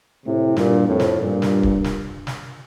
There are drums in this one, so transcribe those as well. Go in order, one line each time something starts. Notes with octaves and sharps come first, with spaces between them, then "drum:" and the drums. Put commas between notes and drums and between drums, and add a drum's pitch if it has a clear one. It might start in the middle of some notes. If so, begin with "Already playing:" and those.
A2 C3
G2 A#2, drum: snare
F2 A2
drum: snare
G2 A#2
drum: snare
drum: kick D1
drum: snare
drum: snare